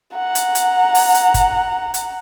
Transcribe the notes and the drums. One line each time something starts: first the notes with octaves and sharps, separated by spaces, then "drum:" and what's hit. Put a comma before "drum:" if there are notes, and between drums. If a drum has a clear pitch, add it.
F#5 A#5
drum: hi-hat
drum: hi-hat
drum: open hi-hat
drum: hi-hat
drum: kick, hi-hat
drum: hi-hat